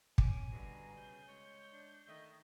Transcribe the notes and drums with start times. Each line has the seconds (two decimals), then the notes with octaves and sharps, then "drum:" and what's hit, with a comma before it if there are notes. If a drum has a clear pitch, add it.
0.18 C#4 G#5 D6, drum: kick
0.52 B2 D3 G3 A#5
0.97 C#3 G6
1.29 G#3 C#5
1.71 D4
2.08 D#3 A3 D#5